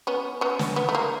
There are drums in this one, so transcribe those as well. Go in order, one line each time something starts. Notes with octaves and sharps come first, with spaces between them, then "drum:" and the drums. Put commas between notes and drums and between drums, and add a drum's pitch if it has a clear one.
B3 C#4
B3 C#4
drum: snare
B3
A3
A#3